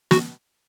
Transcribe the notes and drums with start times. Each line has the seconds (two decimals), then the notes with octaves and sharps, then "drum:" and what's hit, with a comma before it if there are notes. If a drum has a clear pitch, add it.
0.11 F#4, drum: snare